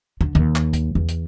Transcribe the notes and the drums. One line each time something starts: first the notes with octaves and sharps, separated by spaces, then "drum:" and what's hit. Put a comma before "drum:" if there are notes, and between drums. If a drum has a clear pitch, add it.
D3, drum: kick
D#2
drum: clap
drum: kick, hi-hat
E2
drum: hi-hat